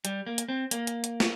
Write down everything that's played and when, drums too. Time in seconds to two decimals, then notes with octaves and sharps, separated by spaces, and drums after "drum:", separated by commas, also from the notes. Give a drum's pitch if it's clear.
0.05 G3, drum: hi-hat
0.26 A#3
0.38 drum: hi-hat
0.49 C4
0.71 A#3, drum: hi-hat
0.87 drum: hi-hat
1.04 drum: hi-hat
1.20 drum: snare